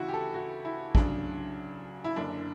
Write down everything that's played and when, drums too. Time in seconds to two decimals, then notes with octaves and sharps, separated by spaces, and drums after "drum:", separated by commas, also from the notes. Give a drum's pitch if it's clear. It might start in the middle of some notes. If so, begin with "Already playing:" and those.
Already playing: D2 C#3 E3 E4 F#4
0.08 G4
0.13 A4
0.34 F#4
0.65 E4
0.95 D2 C#3 F#3 D4, drum: kick
2.04 E4
2.16 F#1 F#2 D3 D4